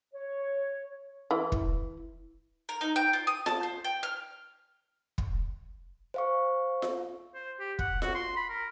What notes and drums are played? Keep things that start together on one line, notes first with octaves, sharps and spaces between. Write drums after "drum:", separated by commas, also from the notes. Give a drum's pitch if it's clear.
C#5
E3
drum: kick
A#4
D#4
G5
F4
D#6
A5, drum: snare F4
C5
G5
F6
drum: kick
C5 F5 C#6
drum: snare F4
C5
G4
F#5, drum: kick
F#4, drum: snare F4
C6
B5
A#4